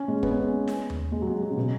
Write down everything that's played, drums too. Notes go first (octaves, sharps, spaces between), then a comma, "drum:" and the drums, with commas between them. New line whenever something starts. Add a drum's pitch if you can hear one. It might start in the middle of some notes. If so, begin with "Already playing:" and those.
Already playing: C#4
G#3
B3, drum: kick
C#4
B3
drum: snare
drum: tom D#2
G#3
F#3
G#3
F#3
C#3
B2